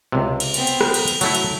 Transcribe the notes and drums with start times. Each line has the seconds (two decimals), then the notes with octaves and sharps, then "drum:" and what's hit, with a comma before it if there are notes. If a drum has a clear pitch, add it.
0.12 C#2 C3
0.40 drum: cymbal
0.54 B3 C4, drum: cymbal
0.67 drum: cymbal
0.81 drum: rim click
0.94 drum: cymbal
1.08 drum: cymbal
1.21 F#3 A3 E4, drum: cymbal
1.35 drum: cymbal